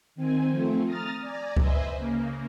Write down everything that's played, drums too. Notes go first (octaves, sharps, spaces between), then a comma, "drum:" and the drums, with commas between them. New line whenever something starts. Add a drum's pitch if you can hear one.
D#3 C4 G#5
F3 A3 C4
A#5 D#6 F6 A6
D5 G#5 A#5
B4 C5 D#5 E5 G#5, drum: kick C#2
C#3 A#3